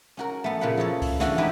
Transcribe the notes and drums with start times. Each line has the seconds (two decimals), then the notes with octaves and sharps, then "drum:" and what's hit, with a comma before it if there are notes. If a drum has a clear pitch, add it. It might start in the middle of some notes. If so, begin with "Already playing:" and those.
0.17 C#4 F#4 A#4
0.44 A3 B3
0.61 A#2 C#3 A#3 B4 F#5
0.77 F3 E4 A4 C#5
1.02 drum: kick C2, open hi-hat
1.20 D3 E3 A3 B3 C#4 F#4, drum: snare
1.38 G#2 D#4 E4 G4 B4 G#5